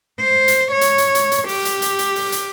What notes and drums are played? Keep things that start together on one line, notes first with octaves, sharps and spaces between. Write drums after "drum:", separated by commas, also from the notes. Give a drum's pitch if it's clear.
C5
drum: hi-hat
C#5
drum: hi-hat
drum: hi-hat
drum: hi-hat
drum: hi-hat
G4, drum: open hi-hat
drum: hi-hat
drum: hi-hat
drum: hi-hat
drum: open hi-hat
drum: hi-hat